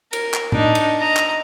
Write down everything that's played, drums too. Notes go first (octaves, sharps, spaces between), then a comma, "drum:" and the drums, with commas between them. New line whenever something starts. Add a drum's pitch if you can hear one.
A#4, drum: cymbal
drum: clap
D4 D#4, drum: tom A2
drum: cymbal
D#5 A#5
drum: clap